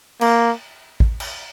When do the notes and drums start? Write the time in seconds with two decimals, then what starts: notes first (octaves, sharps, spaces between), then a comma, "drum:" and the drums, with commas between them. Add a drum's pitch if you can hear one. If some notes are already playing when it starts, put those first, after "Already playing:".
0.21 A#3, drum: cymbal
1.00 drum: kick A1
1.20 drum: cymbal